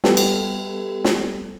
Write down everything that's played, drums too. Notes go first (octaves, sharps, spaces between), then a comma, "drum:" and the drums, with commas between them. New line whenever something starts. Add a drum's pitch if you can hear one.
G3 B3 G4 A4, drum: snare
drum: cymbal
drum: snare